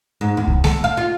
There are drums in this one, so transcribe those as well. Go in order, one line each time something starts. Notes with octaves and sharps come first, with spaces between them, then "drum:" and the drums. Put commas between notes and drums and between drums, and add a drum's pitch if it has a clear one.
G#2
E2
drum: kick C2
A4, drum: snare G#3
F5
F4